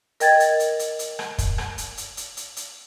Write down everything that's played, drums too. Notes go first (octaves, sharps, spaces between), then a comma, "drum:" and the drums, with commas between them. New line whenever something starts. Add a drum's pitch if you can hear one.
A#4 D#5 G5 G#6 A6, drum: hi-hat
drum: hi-hat
drum: hi-hat
drum: hi-hat
drum: hi-hat
drum: rim click
drum: kick, hi-hat
drum: rim click
drum: hi-hat
drum: hi-hat
drum: hi-hat
drum: hi-hat
drum: hi-hat